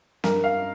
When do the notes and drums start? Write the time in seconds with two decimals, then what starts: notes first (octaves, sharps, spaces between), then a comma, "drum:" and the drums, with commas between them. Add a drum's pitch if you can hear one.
0.24 G2 A#4, drum: snare
0.44 F5